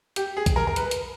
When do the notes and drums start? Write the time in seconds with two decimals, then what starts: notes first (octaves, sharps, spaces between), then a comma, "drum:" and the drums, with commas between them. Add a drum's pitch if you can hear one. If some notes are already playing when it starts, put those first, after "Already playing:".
0.16 G4, drum: hi-hat
0.37 G#4
0.46 drum: kick B1, hi-hat
0.56 A#4
0.67 A#4
0.76 B4, drum: hi-hat
0.91 drum: hi-hat